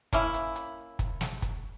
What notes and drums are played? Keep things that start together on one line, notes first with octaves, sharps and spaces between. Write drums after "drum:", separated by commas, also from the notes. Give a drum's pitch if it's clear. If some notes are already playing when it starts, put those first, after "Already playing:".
A#3 C#4 E4, drum: kick, hi-hat
drum: hi-hat
drum: hi-hat
drum: kick, hi-hat
drum: snare
drum: kick, hi-hat